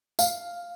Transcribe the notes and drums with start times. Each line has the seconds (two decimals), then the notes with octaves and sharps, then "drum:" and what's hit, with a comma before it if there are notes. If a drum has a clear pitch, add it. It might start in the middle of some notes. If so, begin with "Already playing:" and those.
0.19 F5, drum: tambourine